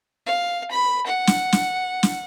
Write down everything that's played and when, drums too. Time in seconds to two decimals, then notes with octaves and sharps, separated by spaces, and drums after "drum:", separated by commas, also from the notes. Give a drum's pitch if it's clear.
0.27 F5
0.71 B5
1.07 F#5
1.27 drum: snare
1.52 drum: snare
2.03 drum: snare